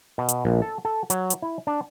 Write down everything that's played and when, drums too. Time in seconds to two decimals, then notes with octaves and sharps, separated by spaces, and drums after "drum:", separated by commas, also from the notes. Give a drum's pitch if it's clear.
0.18 B2
0.29 drum: hi-hat
0.45 A#1
0.62 A4
0.85 A4
1.10 F#3, drum: hi-hat
1.30 drum: hi-hat
1.42 E4
1.67 D4